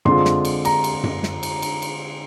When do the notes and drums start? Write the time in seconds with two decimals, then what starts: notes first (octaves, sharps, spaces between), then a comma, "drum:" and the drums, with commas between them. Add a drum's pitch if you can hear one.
0.05 D3 G#3 C4 F4 C6, drum: tom F#2
0.25 drum: snare
0.45 drum: cymbal
0.65 A#5, drum: cymbal
0.84 drum: cymbal
1.04 drum: tom F#2
1.23 drum: snare
1.43 drum: cymbal
1.62 drum: cymbal
1.82 drum: cymbal